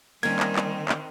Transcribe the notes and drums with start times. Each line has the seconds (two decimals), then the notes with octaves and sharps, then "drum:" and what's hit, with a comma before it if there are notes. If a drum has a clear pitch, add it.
0.23 D#3 G3 A#3 C4 C#4 G#6, drum: cymbal
0.39 drum: clap
0.56 drum: clap
0.89 drum: clap